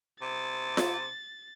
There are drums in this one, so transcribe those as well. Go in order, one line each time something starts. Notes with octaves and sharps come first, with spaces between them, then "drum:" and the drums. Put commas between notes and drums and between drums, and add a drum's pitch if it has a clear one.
C3 A6
drum: snare F4